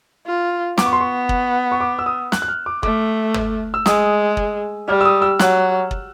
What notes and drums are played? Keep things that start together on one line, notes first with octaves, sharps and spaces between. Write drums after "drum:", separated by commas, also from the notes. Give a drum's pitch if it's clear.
F4
B3 D6, drum: snare
C#6
C6
C#6
drum: kick
C#6
D6
E6
D#6
F#6, drum: snare
F#6
F6
D6
A3 D6, drum: kick
drum: tom
E6
G#3 D#6, drum: snare
drum: kick
G3 F6
E6
D#6
E6
F#3 F#6, drum: snare
drum: kick